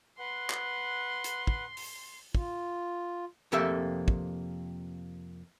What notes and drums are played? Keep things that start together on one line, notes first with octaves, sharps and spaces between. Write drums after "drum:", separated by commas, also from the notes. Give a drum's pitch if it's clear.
B4 F#5 C6
drum: clap
drum: hi-hat
drum: kick
drum: open hi-hat
F4, drum: kick
F2 C3 A#3 A4 E5
drum: kick